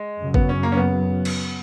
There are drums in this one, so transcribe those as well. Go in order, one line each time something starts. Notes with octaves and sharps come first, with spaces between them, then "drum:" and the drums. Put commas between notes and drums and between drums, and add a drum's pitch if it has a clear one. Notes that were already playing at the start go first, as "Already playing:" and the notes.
Already playing: G#3
F#2 C#3 F#3
B3, drum: kick G#1
C#4
A#3
C#4
B3
drum: cymbal